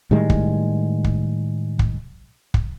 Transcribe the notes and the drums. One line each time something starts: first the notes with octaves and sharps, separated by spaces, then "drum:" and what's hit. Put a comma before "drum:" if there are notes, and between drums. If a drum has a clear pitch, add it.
A2 D#3 G3 G#3
drum: kick
drum: kick
drum: kick
drum: kick